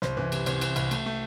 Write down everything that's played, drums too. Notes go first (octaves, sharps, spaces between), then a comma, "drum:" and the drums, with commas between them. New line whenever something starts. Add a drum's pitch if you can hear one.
C2 C5, drum: snare
E3, drum: tom F#2
C3, drum: cymbal
C2 C5, drum: cymbal
E3, drum: cymbal
C2, drum: cymbal
A3, drum: cymbal
A3